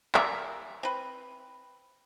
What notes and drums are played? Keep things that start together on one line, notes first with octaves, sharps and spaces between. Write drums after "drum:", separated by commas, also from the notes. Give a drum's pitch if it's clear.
A#4 D5 E5, drum: clap
C4 B4